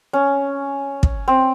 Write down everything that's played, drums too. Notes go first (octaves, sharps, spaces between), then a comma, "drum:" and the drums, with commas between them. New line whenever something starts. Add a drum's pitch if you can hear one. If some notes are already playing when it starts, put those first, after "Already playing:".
C#4
drum: kick
C4